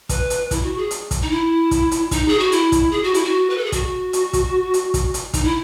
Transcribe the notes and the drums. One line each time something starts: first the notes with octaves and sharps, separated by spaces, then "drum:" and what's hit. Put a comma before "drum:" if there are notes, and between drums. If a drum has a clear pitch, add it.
B4, drum: kick, hi-hat
drum: hi-hat
E4, drum: kick, hi-hat
F#4
G#4
drum: hi-hat
drum: kick, hi-hat
D#4
E4
drum: kick, hi-hat
drum: hi-hat
D#4, drum: kick, hi-hat
G#4
F#4
E4, drum: hi-hat
drum: kick, hi-hat
G#4
F#4
E4, drum: hi-hat
F#4
B4
A4
G#4
F#4, drum: kick, hi-hat
drum: hi-hat
drum: kick, hi-hat
drum: hi-hat
drum: kick, hi-hat
drum: hi-hat
D#4, drum: kick, hi-hat
E4